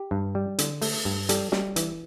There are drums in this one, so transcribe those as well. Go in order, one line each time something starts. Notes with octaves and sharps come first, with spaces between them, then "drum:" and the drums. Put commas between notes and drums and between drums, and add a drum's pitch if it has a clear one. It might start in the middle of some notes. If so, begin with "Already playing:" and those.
Already playing: G4
G2
G3
D3, drum: hi-hat
A3, drum: open hi-hat
G2
G3 A4, drum: hi-hat
G3, drum: snare
E3, drum: hi-hat